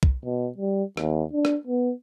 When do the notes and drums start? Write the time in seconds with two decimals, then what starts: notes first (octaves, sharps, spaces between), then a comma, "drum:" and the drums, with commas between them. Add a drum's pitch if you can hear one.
0.03 drum: kick
0.25 B2
0.58 G3
0.97 D#2, drum: rim click
1.33 D4
1.45 drum: rim click
1.67 B3